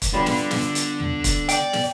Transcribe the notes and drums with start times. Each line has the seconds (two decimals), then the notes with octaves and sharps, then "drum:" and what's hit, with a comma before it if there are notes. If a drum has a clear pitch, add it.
0.02 drum: kick, hi-hat
0.13 D3 G3 B3 F4
0.26 drum: snare
0.51 drum: snare
0.75 drum: hi-hat
1.00 drum: tom
1.24 drum: kick, hi-hat
1.49 D5 G5, drum: hi-hat
1.73 drum: snare